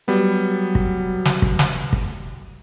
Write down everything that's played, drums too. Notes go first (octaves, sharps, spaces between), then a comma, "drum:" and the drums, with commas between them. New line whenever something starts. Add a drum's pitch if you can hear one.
F#3 G3 B3
drum: kick
drum: snare
drum: kick
drum: snare
drum: kick